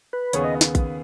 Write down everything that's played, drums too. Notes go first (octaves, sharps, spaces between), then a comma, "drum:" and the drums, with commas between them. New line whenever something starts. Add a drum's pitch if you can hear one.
B4
D#2 C#3 B3 G#4 C#5, drum: hi-hat
D#5
drum: snare
drum: kick A#1, hi-hat